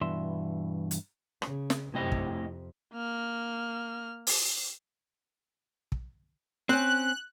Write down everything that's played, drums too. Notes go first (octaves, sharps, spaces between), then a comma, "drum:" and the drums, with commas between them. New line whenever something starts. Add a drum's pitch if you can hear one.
G2 B2 E3 E5 C6
drum: hi-hat
C#3, drum: rim click
drum: snare
F#2 A2 C3 C4 D#5
drum: kick
F2
A#3 F6
drum: open hi-hat
drum: kick
C4 C#4 F#6